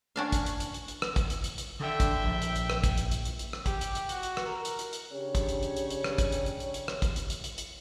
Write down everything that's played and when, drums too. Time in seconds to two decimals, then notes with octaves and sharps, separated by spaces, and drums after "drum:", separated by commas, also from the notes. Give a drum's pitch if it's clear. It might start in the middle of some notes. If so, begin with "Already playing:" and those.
0.16 C#4 D4 F5
0.32 drum: kick, hi-hat
0.46 drum: hi-hat
0.60 drum: hi-hat
0.74 drum: hi-hat
0.88 drum: hi-hat
1.02 drum: rim click
1.16 drum: kick, hi-hat
1.30 drum: hi-hat
1.44 drum: hi-hat
1.58 drum: hi-hat
1.80 D3 E5 G5
2.00 drum: kick, hi-hat
2.21 A#1
2.42 drum: hi-hat
2.56 drum: hi-hat
2.70 drum: rim click
2.84 drum: kick, hi-hat
2.98 drum: hi-hat
3.11 drum: hi-hat
3.25 drum: hi-hat
3.39 drum: hi-hat
3.53 drum: rim click
3.66 G4, drum: kick, hi-hat
3.81 drum: hi-hat
3.95 drum: hi-hat
4.09 F#4, drum: hi-hat
4.23 drum: hi-hat
4.37 drum: rim click
4.47 A#4
4.65 drum: hi-hat
4.79 drum: hi-hat
4.93 drum: hi-hat
5.13 C#3 C#4 D4 G4 C#5
5.35 drum: kick, hi-hat
5.49 drum: hi-hat
5.63 drum: hi-hat
5.77 drum: hi-hat
5.90 drum: hi-hat
6.04 drum: rim click
6.18 drum: kick, hi-hat
6.32 drum: hi-hat
6.46 drum: hi-hat
6.60 drum: hi-hat
6.74 drum: hi-hat
6.88 drum: rim click
7.02 drum: kick, hi-hat
7.16 drum: hi-hat
7.30 drum: hi-hat
7.44 drum: hi-hat
7.58 drum: hi-hat